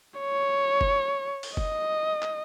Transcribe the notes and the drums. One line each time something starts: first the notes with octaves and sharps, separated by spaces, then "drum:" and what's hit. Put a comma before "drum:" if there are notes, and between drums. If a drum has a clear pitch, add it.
C#5
drum: kick F#1
drum: open hi-hat
D#5, drum: kick F#1
drum: clap